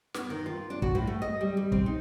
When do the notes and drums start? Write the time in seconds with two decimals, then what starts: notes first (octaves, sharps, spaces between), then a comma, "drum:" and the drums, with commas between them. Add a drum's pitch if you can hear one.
0.14 B3, drum: snare
0.30 D#3
0.46 F4
0.70 D4
0.82 F#4, drum: kick
0.95 A2
1.07 A3
1.22 D#5
1.41 G3
1.57 G3
1.72 C4, drum: kick
1.86 D#4